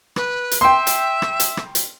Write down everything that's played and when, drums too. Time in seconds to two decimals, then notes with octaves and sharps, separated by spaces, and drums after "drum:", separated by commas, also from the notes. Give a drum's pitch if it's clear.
0.16 B4, drum: rim click
0.51 drum: hi-hat
0.61 E5 G5 C6
0.87 drum: hi-hat
1.22 drum: rim click
1.40 drum: hi-hat
1.57 drum: rim click
1.75 drum: hi-hat